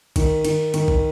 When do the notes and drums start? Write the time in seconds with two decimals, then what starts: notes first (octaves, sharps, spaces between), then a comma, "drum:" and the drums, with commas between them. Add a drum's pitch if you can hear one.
0.16 D#3, drum: kick A#1, cymbal
0.45 D#3, drum: cymbal
0.74 D#3, drum: cymbal
0.88 drum: kick A#1